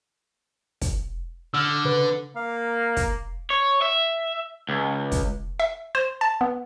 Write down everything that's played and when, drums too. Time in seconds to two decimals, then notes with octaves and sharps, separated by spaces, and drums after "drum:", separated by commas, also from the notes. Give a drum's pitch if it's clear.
0.81 drum: kick, hi-hat
1.54 D3 E6 F6
1.85 C#3 B4
2.36 A#3 F5
2.97 drum: kick, hi-hat
3.50 C#5
3.82 E5
4.69 C#2
5.12 drum: kick, hi-hat
5.60 E5
5.95 C5
6.21 A5
6.41 B3